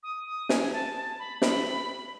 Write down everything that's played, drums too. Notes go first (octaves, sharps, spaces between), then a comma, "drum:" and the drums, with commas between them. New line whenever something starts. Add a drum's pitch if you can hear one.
D#6
D#6
G#5, drum: snare
A5
A5
B5
B5, drum: snare